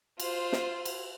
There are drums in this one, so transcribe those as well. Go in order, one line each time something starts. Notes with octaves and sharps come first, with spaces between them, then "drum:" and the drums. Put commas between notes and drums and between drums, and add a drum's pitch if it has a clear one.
F4 C5, drum: cymbal
drum: snare
drum: cymbal